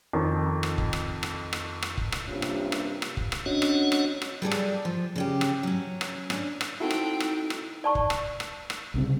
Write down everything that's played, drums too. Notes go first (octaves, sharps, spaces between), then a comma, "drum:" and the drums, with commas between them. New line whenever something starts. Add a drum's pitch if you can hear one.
F2 D#3
drum: rim click
drum: kick
drum: rim click
drum: rim click
drum: rim click
drum: rim click
drum: kick
drum: rim click
G2 C3 A#3 C#4 F4
drum: rim click
drum: rim click
drum: rim click
drum: kick
drum: rim click
C#4 D4 F#4 C#5 D#5 F#5
drum: rim click
drum: rim click
drum: rim click
G3 G#4 A4 D5
drum: rim click
F3
C#3 C#4 G4
drum: rim click
F#3 C#4
drum: rim click
C#4 D4, drum: rim click
drum: rim click
C4 D#4 E4 F#4 A4 G5
drum: rim click
drum: rim click
drum: rim click
D5 A5 C#6
drum: kick
drum: rim click
drum: rim click
drum: rim click
C2 C#3 C4